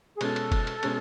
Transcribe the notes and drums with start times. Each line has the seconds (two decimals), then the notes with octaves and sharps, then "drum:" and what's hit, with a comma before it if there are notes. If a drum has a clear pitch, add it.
0.15 G#4
0.21 B2 G#3 C#4 A4, drum: cymbal
0.36 drum: cymbal
0.52 drum: kick, cymbal
0.67 drum: cymbal
0.83 B2 G#3 C#4, drum: cymbal